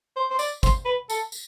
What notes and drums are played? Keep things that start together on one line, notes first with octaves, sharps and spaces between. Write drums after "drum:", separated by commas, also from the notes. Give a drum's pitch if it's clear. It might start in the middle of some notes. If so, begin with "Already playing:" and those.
C5
C5
D5, drum: tambourine
C5, drum: kick, tambourine
B4
A4, drum: tambourine
drum: tambourine